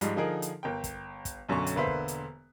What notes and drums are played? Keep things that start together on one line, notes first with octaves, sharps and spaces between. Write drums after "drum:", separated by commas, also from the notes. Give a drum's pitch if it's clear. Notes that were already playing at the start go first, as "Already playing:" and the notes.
G#2 F3 G3 G#3, drum: hi-hat
D3 F3 D#4 G#4 A#4
drum: hi-hat
G1 A#4 G5
drum: kick, hi-hat
drum: kick, hi-hat
B1 F#2 D3 C6 C#6
drum: hi-hat
E1 D3 A#3 B4 C5 E5
drum: kick
drum: hi-hat